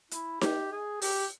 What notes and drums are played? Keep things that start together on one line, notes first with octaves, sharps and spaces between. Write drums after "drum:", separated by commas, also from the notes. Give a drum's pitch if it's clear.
E4, drum: hi-hat
G4, drum: snare D#4
G#4
G4, drum: open hi-hat